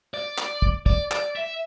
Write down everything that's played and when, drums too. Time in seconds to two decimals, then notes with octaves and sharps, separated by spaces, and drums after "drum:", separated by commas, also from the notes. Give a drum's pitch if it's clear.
0.14 D5
0.38 drum: clap
0.62 drum: kick
0.86 D5, drum: kick
1.11 D5, drum: clap
1.36 E5